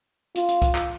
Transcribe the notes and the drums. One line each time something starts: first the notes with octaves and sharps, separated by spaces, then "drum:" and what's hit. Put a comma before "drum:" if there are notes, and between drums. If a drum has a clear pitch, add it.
F4, drum: hi-hat
drum: hi-hat
drum: kick C2, hi-hat
drum: clap